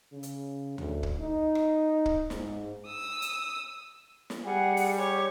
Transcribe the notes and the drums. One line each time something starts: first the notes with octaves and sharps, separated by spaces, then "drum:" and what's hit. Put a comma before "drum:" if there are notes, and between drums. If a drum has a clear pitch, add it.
C#3
drum: hi-hat
D2, drum: tom D2
drum: kick
D#4
drum: rim click
drum: kick
G#2, drum: snare
D#6 E6
drum: hi-hat
drum: snare
G3 G#4 F#5
drum: open hi-hat
G4 C#5